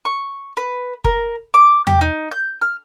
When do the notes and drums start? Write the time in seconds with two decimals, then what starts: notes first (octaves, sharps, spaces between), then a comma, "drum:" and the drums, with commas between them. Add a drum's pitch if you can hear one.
0.05 C#6
0.57 B4
1.04 A#4, drum: kick F#1
1.54 D6
1.87 G4, drum: tom E2
2.01 D#4
2.31 G6
2.61 F6